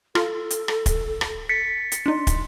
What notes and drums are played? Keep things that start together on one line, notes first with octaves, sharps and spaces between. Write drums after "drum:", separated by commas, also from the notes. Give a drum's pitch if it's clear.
F4 A4, drum: rim click
drum: hi-hat
drum: rim click
drum: kick, hi-hat
drum: rim click
A6 B6 C#7
drum: hi-hat
D4 D#4 C6
drum: kick, hi-hat